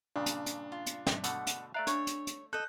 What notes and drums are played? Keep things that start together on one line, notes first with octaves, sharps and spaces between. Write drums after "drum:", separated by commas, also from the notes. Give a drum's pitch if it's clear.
G2 A#2 C#3 D4
drum: hi-hat
drum: hi-hat
F4
drum: hi-hat
drum: snare
B2 D3 A3 F#5, drum: hi-hat
drum: hi-hat
A3 D5 E5 F5 A#5 F#6
D4 C#5, drum: hi-hat
drum: hi-hat
drum: hi-hat
A4 D#5 F#6 G6